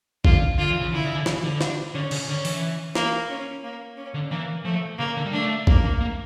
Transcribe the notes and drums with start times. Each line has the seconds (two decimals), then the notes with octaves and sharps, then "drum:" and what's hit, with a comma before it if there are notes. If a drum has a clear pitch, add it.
0.25 D3 F4, drum: kick A#1
0.58 D3 F4
0.70 E3
0.81 C#3
0.92 D3 E4
1.04 C#3
1.15 D3
1.26 E3, drum: snare
1.43 D3
1.61 D4, drum: snare
1.94 D3 C#4
2.11 C#3, drum: cymbal
2.28 D3 C#4
2.45 E3, drum: open hi-hat
2.95 A#3, drum: snare
3.30 C#4
3.64 A#3
3.97 C#4
4.14 D3
4.31 E3 A#3
4.65 F3 A3
4.99 C#3 A#3
5.17 D3
5.26 G3
5.33 A3 D4
5.67 A#3, drum: kick A#1
6.01 A#3